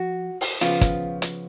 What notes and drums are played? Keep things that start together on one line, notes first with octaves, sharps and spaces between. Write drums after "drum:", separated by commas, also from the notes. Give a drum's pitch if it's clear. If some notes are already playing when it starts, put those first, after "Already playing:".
Already playing: F3 F#4
drum: open hi-hat
C#3 F3 B3 F4, drum: hi-hat
drum: kick, hi-hat
drum: hi-hat